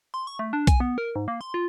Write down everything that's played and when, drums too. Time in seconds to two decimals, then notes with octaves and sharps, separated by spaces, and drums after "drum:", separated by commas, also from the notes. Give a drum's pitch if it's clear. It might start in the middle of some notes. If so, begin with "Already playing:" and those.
0.14 C6
0.27 C#6
0.39 A3
0.53 D4
0.67 G#5, drum: kick B1, hi-hat
0.80 B3
0.98 A#4
1.16 G#2
1.28 A#3
1.41 C6
1.54 F4